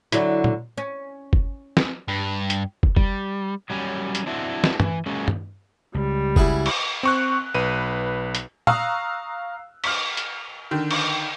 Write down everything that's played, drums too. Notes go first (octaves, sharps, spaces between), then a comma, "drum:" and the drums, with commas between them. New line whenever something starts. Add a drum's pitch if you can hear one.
D3 F#3 E4, drum: hi-hat
drum: tom
C#4
drum: kick
drum: snare
G2
drum: hi-hat
drum: kick
G3, drum: kick
F#3 G3 C#4
drum: hi-hat
C4 D4 E4 F#4
drum: snare
E3, drum: tom
F#3 G#3 A#3 C#4
drum: tom
C#2 G3
E4 F#4 G#4, drum: kick
drum: cymbal
C4 C#6 F#6
B1 B4 D#7
drum: hi-hat
F5 A#5 C#6 D#6 E6 F#6, drum: tom
F6 B6, drum: cymbal
drum: hi-hat
D3 D#3
drum: cymbal